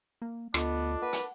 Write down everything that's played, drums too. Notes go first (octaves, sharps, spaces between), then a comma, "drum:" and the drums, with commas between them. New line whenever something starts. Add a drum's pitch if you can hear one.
A#3
D2 B3 D4 F4 A4 D#5, drum: rim click
A#3 B4 F#5 D6
drum: hi-hat